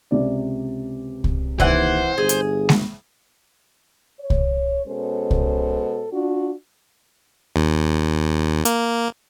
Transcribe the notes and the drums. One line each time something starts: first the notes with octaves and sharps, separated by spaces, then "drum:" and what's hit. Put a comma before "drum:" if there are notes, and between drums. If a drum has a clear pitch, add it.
C#2 C3 D5
drum: kick C2
D#2 E3 C5 F#5, drum: kick C2
G1 G#4
drum: hi-hat
drum: snare G#3
C#5
drum: kick C2
B2 G#3 C#4 A4 C5
drum: kick C2
D4 F4 F#4
D#2
A#3, drum: hi-hat